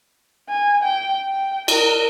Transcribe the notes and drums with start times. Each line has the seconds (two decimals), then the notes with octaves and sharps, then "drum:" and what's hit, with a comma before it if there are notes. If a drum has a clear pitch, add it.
0.49 G#5
0.83 G5
1.28 G5
1.68 A#4, drum: cymbal